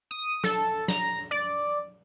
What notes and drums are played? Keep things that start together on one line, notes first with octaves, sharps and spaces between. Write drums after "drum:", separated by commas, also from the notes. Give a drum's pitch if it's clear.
D#6
A4, drum: snare
A#5, drum: snare
D5